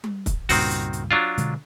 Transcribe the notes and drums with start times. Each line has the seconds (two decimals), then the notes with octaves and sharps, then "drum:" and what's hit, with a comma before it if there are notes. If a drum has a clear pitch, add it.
0.04 drum: tom G3
0.26 drum: kick, hi-hat
0.49 C#2 G2 A#2 D#3 C4 F#4, drum: open hi-hat
0.71 drum: hi-hat
0.93 drum: hi-hat
1.11 F#3 D4 F4
1.38 B2 D3 G#3, drum: hi-hat